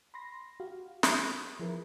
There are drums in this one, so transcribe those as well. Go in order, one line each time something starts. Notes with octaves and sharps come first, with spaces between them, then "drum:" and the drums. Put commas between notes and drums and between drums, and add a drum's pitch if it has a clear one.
B5 C6 A#6
F#4 G4 F5
G#6, drum: snare
F3 E4 G#4 A#4 B4